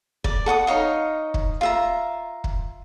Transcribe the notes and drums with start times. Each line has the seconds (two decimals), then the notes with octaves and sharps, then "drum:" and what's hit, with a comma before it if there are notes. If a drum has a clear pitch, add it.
0.24 D5, drum: kick
0.46 A4 F#5 C#6 D#6
0.67 D#4 C#5 D#5 F5
1.34 drum: kick
1.61 F4 E5 A#5
2.44 drum: kick